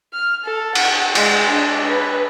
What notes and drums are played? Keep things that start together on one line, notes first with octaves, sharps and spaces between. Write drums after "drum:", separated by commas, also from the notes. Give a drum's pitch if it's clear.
F6
A4
F#5, drum: cymbal
G#3, drum: cymbal
D4
B4